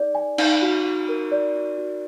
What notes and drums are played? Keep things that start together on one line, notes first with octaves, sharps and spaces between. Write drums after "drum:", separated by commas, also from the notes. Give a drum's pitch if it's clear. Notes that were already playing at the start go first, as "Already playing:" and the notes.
Already playing: D#4 G#4 D5
G#5
D#4, drum: cymbal
F#4
F#4
A#4
D5
F#4
F#4